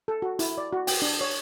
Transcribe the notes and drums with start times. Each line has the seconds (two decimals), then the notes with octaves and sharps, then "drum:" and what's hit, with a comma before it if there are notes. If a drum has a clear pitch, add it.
0.08 A4
0.22 F#4
0.39 E4, drum: hi-hat
0.58 D5
0.73 F#4
0.87 G5, drum: open hi-hat
1.02 D4
1.21 C#5